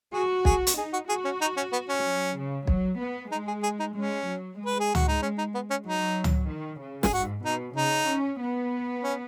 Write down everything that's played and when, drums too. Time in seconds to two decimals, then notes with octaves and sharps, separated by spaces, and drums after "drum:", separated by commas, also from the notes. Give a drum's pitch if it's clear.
0.13 F#4 G#4
0.45 G#4, drum: kick B1
0.67 drum: hi-hat
0.77 D#4 G#4
0.93 F#4
1.08 F#4 G#4
1.25 C#4
1.41 D#4
1.57 C#4
1.72 B3
1.89 C#4
2.04 F#3
2.36 C#3
2.67 F#3, drum: kick B1
3.00 B3
3.31 G#3 D#4
3.47 G#4
3.63 G#4
3.80 D#4
3.95 G#3 C#4
4.27 F#3
4.59 G#3
4.66 B4
4.80 G#4
4.95 F#4, drum: tom C#2
5.08 D#4
5.22 C#4
5.38 D#4
5.54 B3
5.70 C#4
5.86 F#3 D#4
6.24 drum: tom C#2
6.49 D#3
6.81 C#3
7.03 G#4, drum: snare
7.13 G#2 F#4
7.44 B2 D#4
7.76 C#3 D#4
8.08 C#4
8.40 B3
9.04 C#4